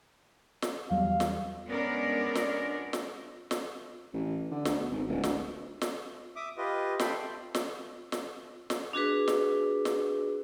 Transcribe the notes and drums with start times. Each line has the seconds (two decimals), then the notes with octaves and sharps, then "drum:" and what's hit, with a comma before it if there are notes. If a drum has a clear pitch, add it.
0.62 drum: snare
0.90 E2 F#3 G3 F5
1.20 drum: snare
1.69 G#3 B3 C#4 D4 A#4 D5
2.35 drum: snare
2.93 drum: snare
3.51 drum: snare
4.14 A1
4.52 D3
4.65 D2, drum: snare
4.80 B2
4.92 G#1
5.09 D1
5.23 D2, drum: snare
5.81 drum: snare
6.36 E5 D6 D#6
6.57 F4 G4 B4 D#5
6.99 A4 E5 G5 B5 C6, drum: snare
7.55 drum: snare
8.12 drum: snare
8.70 drum: snare
8.93 D4 F#4 G#4 B4
9.28 drum: snare
9.85 drum: snare